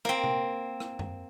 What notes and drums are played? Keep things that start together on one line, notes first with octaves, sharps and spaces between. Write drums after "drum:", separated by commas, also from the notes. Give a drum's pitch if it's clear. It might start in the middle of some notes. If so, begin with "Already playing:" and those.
A#3 C4, drum: rim click
drum: tom C3
drum: rim click
drum: tom